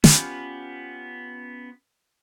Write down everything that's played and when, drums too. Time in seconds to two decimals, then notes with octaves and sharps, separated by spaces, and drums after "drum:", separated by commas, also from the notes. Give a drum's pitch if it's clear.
0.04 B3 C#4 F4 G4 B4, drum: snare